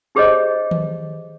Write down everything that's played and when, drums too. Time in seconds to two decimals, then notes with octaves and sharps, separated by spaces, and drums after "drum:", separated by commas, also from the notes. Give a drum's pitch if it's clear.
0.15 D#4 G4 G#4 C5 C#5 D#5
0.71 drum: tom D#3